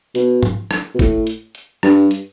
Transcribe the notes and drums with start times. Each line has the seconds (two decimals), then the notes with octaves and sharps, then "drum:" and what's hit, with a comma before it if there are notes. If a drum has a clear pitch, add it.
0.15 B2, drum: hi-hat
0.43 drum: tom G#2
0.71 drum: rim click
0.94 B2
0.99 A2, drum: kick G1, hi-hat
1.27 drum: hi-hat
1.55 drum: hi-hat
1.83 G2, drum: rim click
2.11 drum: hi-hat